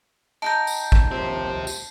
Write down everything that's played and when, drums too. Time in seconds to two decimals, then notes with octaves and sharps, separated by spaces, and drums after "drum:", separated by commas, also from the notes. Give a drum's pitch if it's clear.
0.42 D#4 G5 A5 A#5 G6
0.67 drum: tambourine
0.92 drum: kick
1.12 D#2 F3 G4 C5
1.67 drum: tambourine